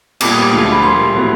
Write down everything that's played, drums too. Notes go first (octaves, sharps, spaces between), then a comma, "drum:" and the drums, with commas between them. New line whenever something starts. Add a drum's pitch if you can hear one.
A#2 G3 B3 D6, drum: cymbal
D#6
D6
D2 D3 F3 G#3
B5
A#2 G3 A#3 C6
A2 F#3 B3